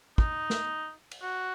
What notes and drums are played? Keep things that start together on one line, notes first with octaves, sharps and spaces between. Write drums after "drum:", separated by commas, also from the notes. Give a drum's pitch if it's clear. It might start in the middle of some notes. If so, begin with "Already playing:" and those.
D#4, drum: kick
drum: snare
drum: cymbal
F#4